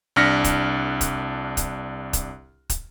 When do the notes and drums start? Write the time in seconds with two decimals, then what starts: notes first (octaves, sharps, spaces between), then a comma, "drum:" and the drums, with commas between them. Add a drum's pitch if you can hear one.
0.16 C2 D4 F6 A#6 B6 C#7
0.44 drum: kick, hi-hat
1.01 drum: kick, hi-hat
1.57 drum: kick, hi-hat
2.13 drum: kick, hi-hat
2.70 drum: kick, hi-hat